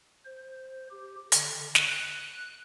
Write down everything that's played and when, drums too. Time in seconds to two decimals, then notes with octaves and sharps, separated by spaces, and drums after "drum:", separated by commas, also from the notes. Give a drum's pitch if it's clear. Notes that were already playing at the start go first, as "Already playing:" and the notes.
0.25 C5
0.91 G4
1.32 D3, drum: hi-hat
1.75 F#6, drum: snare